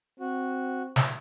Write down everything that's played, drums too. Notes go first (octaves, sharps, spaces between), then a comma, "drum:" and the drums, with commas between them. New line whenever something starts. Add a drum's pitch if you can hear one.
C4 F#4
drum: snare